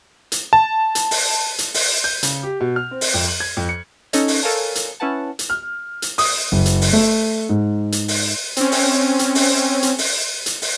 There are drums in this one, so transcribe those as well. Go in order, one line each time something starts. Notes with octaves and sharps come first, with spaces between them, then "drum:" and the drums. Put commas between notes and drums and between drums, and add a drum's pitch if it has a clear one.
drum: hi-hat
A5
drum: hi-hat
drum: open hi-hat
drum: hi-hat
drum: open hi-hat
G6
C#3, drum: hi-hat
G4
B2
F6
C4
drum: open hi-hat
F2
F#7
G#6
F2
C#7
C#4 D#4 A4 C#5 D#5, drum: hi-hat
drum: open hi-hat
A4 A#4 C#5 F5 G#5 A5
drum: hi-hat
C#4 E4 B4 F#5 A5
drum: hi-hat
F6
drum: hi-hat
D#6, drum: open hi-hat
F#1
drum: hi-hat
drum: open hi-hat
A3
G#2
drum: hi-hat
drum: open hi-hat
C4 C#4, drum: hi-hat
drum: open hi-hat
drum: hi-hat
drum: open hi-hat
drum: hi-hat
drum: open hi-hat
drum: hi-hat
drum: open hi-hat